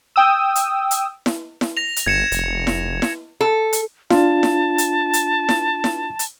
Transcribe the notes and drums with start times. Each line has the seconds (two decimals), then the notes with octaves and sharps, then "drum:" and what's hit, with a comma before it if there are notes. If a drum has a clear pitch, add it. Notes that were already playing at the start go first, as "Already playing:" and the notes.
0.16 G5 D#6 E6
0.56 drum: hi-hat
0.91 drum: hi-hat
1.26 drum: snare E4
1.61 drum: snare E4
1.77 A#6 F7
1.96 drum: hi-hat
2.06 G1 G#6 C#7 E7
2.32 F1, drum: hi-hat
2.67 drum: snare E4
3.02 drum: snare E4
3.41 A4
3.73 drum: hi-hat
4.10 D4 F4 A5, drum: snare E4
4.43 drum: snare E4
4.78 drum: hi-hat
5.13 drum: hi-hat
5.49 drum: snare E4
5.84 drum: snare E4
6.19 drum: hi-hat